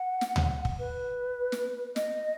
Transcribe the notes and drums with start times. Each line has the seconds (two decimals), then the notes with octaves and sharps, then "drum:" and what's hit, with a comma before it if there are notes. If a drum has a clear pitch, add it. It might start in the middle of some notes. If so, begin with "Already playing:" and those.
Already playing: F#5
0.21 drum: snare
0.36 drum: tom D2
0.65 drum: kick
0.79 B4
1.52 drum: snare
1.96 D#5, drum: snare